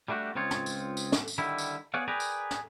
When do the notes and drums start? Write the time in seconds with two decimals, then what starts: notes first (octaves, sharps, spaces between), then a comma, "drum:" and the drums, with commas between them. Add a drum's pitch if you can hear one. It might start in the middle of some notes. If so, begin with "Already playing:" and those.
0.08 G3 A3 D4 D#4 F#4 G4
0.35 C#2 C4 D#4 F4 C#5
0.51 drum: snare
0.66 drum: tambourine
0.97 drum: tambourine
1.12 drum: snare
1.28 drum: tambourine
1.38 D3 D#3 G3 E4
1.58 drum: tambourine
1.94 B3 G#4 C#5 D5 F5 F#5
2.08 G#4 A#4 B4 D5 G5 A#5
2.20 drum: tambourine
2.51 drum: snare